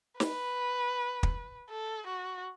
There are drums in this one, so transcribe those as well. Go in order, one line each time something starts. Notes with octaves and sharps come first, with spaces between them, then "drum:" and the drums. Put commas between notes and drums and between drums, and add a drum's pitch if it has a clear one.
B4, drum: snare
drum: kick
A4
F#4